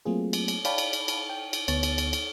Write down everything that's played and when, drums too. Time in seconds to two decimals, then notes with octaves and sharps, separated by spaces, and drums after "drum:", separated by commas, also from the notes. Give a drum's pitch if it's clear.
0.05 F#3 A3 A#3 C4 F4 G#4
0.33 drum: cymbal
0.48 drum: cymbal
0.65 C#5 D5 F5 G5 A5 B5, drum: cymbal
0.78 drum: cymbal
0.93 drum: cymbal
1.08 drum: cymbal
1.29 G5
1.53 drum: cymbal
1.68 D2 B3 C#5 A6, drum: cymbal
1.83 drum: cymbal
1.98 drum: cymbal
2.13 drum: cymbal